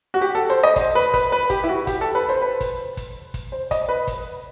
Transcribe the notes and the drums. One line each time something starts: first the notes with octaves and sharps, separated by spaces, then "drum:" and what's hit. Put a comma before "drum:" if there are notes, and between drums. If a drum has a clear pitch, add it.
F#4
G4
A4
C5
D#5
C5, drum: kick, hi-hat
B4
B4, drum: kick, hi-hat
B4
G4, drum: kick, hi-hat
E4
F#4
G4, drum: kick, hi-hat
A4
B4
C5
B4
drum: kick, hi-hat
drum: kick, hi-hat
drum: kick, hi-hat
C5
D#5, drum: kick, hi-hat
B4
drum: kick, hi-hat